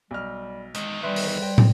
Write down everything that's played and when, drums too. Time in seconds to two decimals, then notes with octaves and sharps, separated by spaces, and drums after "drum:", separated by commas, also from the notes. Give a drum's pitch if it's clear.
0.11 B1 G3 F6
0.75 E2 D#3 G#3, drum: hi-hat
1.03 G3 B4 D5 E5 C6
1.16 drum: open hi-hat
1.42 G5
1.58 drum: tom